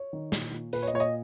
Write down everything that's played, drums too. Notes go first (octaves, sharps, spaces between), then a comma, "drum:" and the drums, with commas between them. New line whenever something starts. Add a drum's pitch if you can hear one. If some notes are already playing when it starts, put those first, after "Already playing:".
Already playing: C#5
D#3
A#2, drum: snare
A#2
A#2 B4, drum: open hi-hat
C#5
D#5, drum: hi-hat
A#2 C#5
D#5, drum: hi-hat